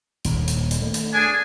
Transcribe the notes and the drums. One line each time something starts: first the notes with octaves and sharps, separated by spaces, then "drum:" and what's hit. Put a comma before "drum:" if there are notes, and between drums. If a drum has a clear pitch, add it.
D#1 D#2, drum: hi-hat
drum: hi-hat
drum: hi-hat
A3
drum: hi-hat
D4 G#4 G#5